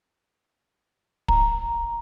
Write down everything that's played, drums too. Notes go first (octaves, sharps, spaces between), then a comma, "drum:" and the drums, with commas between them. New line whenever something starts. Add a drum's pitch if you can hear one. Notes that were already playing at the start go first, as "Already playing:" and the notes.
A#5, drum: kick